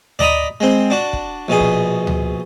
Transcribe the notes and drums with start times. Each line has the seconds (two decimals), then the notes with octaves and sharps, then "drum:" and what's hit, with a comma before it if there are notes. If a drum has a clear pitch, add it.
0.19 D5 D#5 A#5 B5 D#6, drum: tom D2
0.60 G#3 C4
0.90 D4 F#4
1.13 drum: kick
1.48 A#1 B2 G#4
1.60 drum: kick
2.07 drum: tom D2